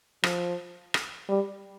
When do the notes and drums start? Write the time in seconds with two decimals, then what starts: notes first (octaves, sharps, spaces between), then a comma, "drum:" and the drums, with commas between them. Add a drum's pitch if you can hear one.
0.24 F3, drum: rim click
0.94 drum: rim click
1.29 G3